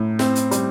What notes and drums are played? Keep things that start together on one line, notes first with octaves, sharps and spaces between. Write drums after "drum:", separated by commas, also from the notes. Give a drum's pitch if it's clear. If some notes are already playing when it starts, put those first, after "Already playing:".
Already playing: A2
C4, drum: snare
drum: hi-hat
G3, drum: hi-hat